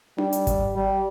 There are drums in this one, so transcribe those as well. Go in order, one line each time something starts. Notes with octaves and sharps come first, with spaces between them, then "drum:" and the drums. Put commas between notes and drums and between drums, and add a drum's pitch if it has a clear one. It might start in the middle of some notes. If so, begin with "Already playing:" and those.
G3, drum: tom D4
drum: hi-hat
drum: kick G#1, hi-hat
G3